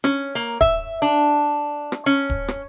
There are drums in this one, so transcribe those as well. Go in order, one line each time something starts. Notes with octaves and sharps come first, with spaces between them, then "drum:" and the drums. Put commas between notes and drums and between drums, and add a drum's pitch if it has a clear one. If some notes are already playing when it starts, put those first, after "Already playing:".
C#4, drum: rim click
A#3
E5, drum: kick D1
D4
drum: rim click
C#4
drum: kick D1
drum: rim click